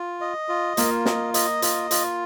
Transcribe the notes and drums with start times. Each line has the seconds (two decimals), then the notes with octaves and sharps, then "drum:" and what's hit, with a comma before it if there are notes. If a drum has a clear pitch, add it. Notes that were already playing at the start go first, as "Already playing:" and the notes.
Already playing: F4
0.21 D#5
0.49 F4
0.77 A#3 F4, drum: hi-hat
1.05 D#5, drum: snare
1.34 D#5, drum: hi-hat
1.62 F4, drum: hi-hat
1.91 F4, drum: hi-hat